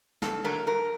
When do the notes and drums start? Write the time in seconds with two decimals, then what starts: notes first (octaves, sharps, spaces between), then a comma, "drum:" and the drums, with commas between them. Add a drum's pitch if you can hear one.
0.22 G2 A4, drum: snare
0.44 D3 F#3 A3 A#4
0.67 G2 A#4